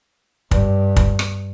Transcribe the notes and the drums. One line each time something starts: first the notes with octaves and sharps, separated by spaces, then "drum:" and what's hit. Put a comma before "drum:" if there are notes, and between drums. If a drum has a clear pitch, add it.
G2, drum: kick
drum: kick
drum: rim click